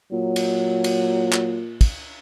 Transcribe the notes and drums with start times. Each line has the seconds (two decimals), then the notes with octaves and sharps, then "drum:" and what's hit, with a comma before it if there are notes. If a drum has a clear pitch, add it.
0.12 A#2 F#3
0.36 drum: cymbal
0.84 drum: cymbal
1.33 drum: clap
1.81 drum: kick, cymbal